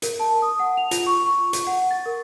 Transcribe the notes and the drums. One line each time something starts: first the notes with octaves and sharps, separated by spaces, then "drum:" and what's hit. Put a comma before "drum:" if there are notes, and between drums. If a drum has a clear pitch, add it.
A#4, drum: hi-hat
A5
D#6
F#5
F7
F4, drum: hi-hat
C#6
C#6
drum: hi-hat
F#5
A6
A#4